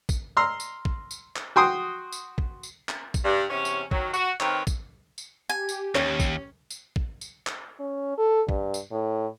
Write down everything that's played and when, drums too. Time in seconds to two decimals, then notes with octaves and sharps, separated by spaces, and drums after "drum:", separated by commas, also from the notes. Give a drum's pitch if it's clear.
0.09 drum: kick, tambourine
0.37 A#5 C6 E6 F6
0.60 drum: tambourine
0.85 drum: kick
1.11 drum: tambourine
1.36 drum: clap
1.56 F#4 G5 C6 D#6
2.12 drum: tambourine
2.38 drum: kick
2.63 drum: tambourine
2.89 drum: clap
3.14 drum: kick, tambourine
3.25 G2
3.50 E2 C3 C#4
3.65 drum: tambourine
3.91 D#3 F#3, drum: kick
4.14 F#4, drum: tambourine
4.40 D#3 C4 A#4 B4 C#5, drum: clap
4.67 drum: kick, tambourine
5.18 drum: tambourine
5.49 G4 G#5
5.69 drum: tambourine
5.95 D#2 C#4, drum: clap
6.20 drum: kick, tambourine
6.70 drum: tambourine
6.96 drum: kick
7.21 drum: tambourine
7.47 drum: clap
7.79 C#4
8.18 A4
8.49 G2, drum: kick
8.74 drum: tambourine
8.92 A2